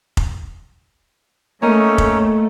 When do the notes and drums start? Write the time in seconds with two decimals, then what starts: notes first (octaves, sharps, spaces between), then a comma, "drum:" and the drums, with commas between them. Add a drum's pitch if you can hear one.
0.17 drum: kick F1
1.62 A3 A#3 C#4 D#4 A#4 C#5 D#5
1.98 drum: kick F1